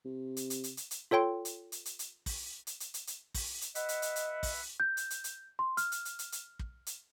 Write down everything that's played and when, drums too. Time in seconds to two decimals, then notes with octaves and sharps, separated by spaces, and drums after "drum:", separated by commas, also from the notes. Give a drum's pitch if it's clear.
0.05 C3
0.37 drum: hi-hat
0.50 drum: hi-hat
0.64 drum: hi-hat
0.77 drum: hi-hat
0.91 drum: hi-hat
1.11 F4 A4 C#5 G5 C6
1.45 drum: hi-hat
1.72 drum: hi-hat
1.85 drum: hi-hat
1.99 drum: hi-hat
2.26 drum: kick, open hi-hat
2.67 drum: hi-hat
2.80 drum: hi-hat
2.94 drum: hi-hat
3.07 drum: hi-hat
3.34 drum: kick, open hi-hat
3.62 drum: hi-hat
3.75 B4 D#5 E5 F#5, drum: hi-hat
3.89 drum: hi-hat
4.02 drum: hi-hat
4.16 drum: hi-hat
4.43 drum: kick, open hi-hat
4.80 G6
4.97 drum: hi-hat
5.10 drum: hi-hat
5.24 drum: hi-hat
5.59 C6
5.77 F6, drum: hi-hat
5.92 drum: hi-hat
6.05 drum: hi-hat
6.19 drum: hi-hat
6.32 drum: hi-hat
6.59 drum: kick
6.87 drum: hi-hat